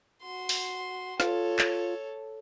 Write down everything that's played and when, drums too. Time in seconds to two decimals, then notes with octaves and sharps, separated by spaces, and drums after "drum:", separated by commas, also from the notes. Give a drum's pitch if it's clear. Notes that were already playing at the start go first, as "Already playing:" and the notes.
0.22 F#4 C6
0.49 drum: open hi-hat
1.20 F4 A4 C#5, drum: snare
1.59 drum: clap